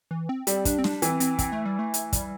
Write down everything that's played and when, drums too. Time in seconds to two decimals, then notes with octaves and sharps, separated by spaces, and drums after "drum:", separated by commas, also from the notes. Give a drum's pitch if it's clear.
0.11 E3
0.29 C4
0.47 G3 C4, drum: hi-hat
0.65 D4, drum: kick, hi-hat
0.79 C4
0.84 D4, drum: snare
1.02 E3 C4, drum: hi-hat
1.20 C4, drum: hi-hat
1.39 C4, drum: kick, hi-hat
1.52 A3
1.66 G3
1.79 A3
1.94 drum: hi-hat
2.13 G3, drum: kick, hi-hat